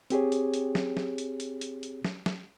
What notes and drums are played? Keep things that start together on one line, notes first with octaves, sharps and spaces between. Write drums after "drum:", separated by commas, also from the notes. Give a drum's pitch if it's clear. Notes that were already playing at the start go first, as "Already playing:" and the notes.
C4 G4 G#4 C#5, drum: hi-hat
drum: hi-hat
drum: hi-hat
drum: snare
drum: snare
drum: hi-hat
drum: hi-hat
drum: hi-hat
drum: hi-hat
drum: snare
drum: snare